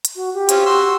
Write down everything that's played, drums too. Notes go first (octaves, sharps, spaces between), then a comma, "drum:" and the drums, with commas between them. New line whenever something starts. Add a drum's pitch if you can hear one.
drum: hi-hat
F#4
G4
C4 C#4 F4, drum: hi-hat
F#4 C6 E6